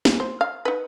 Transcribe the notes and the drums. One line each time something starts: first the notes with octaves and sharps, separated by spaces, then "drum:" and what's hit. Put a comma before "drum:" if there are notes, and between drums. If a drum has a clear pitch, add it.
drum: snare
C5
F5
D#4 B4